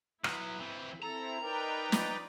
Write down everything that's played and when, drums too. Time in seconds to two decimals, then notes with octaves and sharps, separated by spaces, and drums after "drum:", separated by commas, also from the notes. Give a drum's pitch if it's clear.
0.24 F#3 B3 E4, drum: rim click
0.59 E3 C4
1.02 C4 E4 A4 A#5
1.41 D#4 A#4 B4 D5 G5
1.92 F3 D5, drum: snare